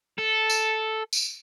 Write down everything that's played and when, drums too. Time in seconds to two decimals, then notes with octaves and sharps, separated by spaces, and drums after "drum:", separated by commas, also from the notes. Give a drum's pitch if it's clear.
0.18 A4
0.50 drum: tambourine
1.13 drum: tambourine